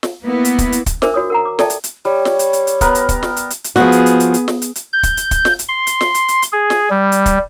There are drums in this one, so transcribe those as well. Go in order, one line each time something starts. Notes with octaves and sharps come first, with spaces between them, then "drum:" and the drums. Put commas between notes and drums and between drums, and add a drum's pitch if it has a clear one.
drum: snare
A#3 B3 E4
drum: hi-hat
drum: kick, hi-hat
drum: hi-hat
drum: kick, hi-hat
D4 A#4 C5 E5 D6, drum: snare
F#4 C#5 D#6
A#4 F#5 A#5
D6
A4 D5 E5 G5 A5, drum: snare
drum: hi-hat
drum: hi-hat
G3 C#5
drum: snare
drum: hi-hat
drum: hi-hat
drum: hi-hat
B3 A#4, drum: kick, hi-hat
drum: hi-hat
drum: kick, hi-hat
drum: snare
drum: hi-hat
drum: hi-hat
drum: hi-hat
F3 B3 F#4 G#4, drum: snare
drum: hi-hat
drum: hi-hat
drum: hi-hat
drum: hi-hat
drum: snare
drum: hi-hat
drum: hi-hat
G6
drum: kick, hi-hat
drum: hi-hat
drum: kick, hi-hat
drum: snare
drum: hi-hat
C6
drum: hi-hat
drum: snare
drum: hi-hat
drum: hi-hat
drum: hi-hat
G#4
drum: snare
G3
drum: hi-hat
drum: kick, hi-hat